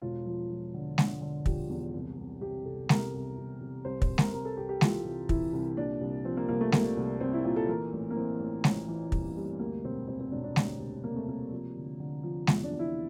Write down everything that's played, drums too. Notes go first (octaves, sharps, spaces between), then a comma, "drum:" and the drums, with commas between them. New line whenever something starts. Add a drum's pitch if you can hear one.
E1 F4
F3
F3
D3
D3, drum: snare
D3
F3 G4, drum: kick
E2
C2
C2
C3 G4
C2 A4
C2 A#4, drum: snare
C2
C2
C3
C2 C5
C5, drum: kick
C2
A#4, drum: snare
C2 A#4
A4
C2 G4
G4
E3 F4, drum: snare
C3
E3 E4, drum: kick
C2
A#2 D4
C2
F3 C4
A#3
C2 A#3
A3
C2 A#3, drum: snare
C2
C2 C4
E4
A#2 F4
A4
E3 A#4
A1
A#3
E3 C4
A1
A1, drum: snare
E3
G2, drum: kick
G2
D2 A#3
E1 C4
C3 C4
C4
E1 D4
D4
D2, drum: snare
C3
C3 A#3
A3
C3 A#3
F3
D3
D3
F3
E2, drum: snare
D4
E2
E4